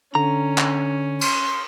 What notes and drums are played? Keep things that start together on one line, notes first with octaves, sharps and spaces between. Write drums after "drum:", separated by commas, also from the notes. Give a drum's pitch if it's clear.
D3 C#4 A#5
drum: clap
C6, drum: cymbal